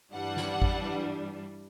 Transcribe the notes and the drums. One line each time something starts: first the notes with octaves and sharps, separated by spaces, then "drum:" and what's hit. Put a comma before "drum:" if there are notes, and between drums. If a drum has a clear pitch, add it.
G2 E3 G3 D4 F#5
drum: snare
drum: kick G#1